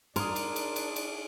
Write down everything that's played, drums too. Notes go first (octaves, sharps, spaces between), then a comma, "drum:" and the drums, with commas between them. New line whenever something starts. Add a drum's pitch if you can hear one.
D4 G#4 A#4 C6 D#6, drum: cymbal
drum: cymbal
drum: cymbal
drum: cymbal
drum: cymbal